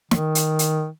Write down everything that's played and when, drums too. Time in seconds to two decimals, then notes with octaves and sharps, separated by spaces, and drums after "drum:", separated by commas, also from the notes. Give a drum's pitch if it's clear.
0.11 D#3, drum: snare
0.35 drum: hi-hat
0.59 drum: hi-hat